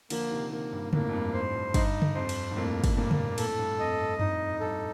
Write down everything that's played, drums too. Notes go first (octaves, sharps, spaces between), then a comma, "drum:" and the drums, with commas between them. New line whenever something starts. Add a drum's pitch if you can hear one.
D3 F3 A#3, drum: cymbal
C3 D#3
C3 D#3 A#3
G2
F2 A2 A#3, drum: tom C#3
F2
G2
F2 C5
G2
G2 D#4, drum: kick, cymbal
drum: tom C#3
F2 C5
drum: cymbal
G2
F2 A2 A#3
drum: kick, cymbal
G2 A#2 A#3
drum: tom C#3
F2 A2 A4, drum: cymbal
A2
G2
F2 D#5
G2
F2 D#4, drum: tom F#2
F2
G2 A4